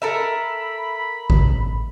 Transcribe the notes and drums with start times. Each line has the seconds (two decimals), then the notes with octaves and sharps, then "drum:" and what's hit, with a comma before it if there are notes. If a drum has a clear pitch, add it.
0.02 A4 A#4 E5 B5
1.30 drum: kick G#1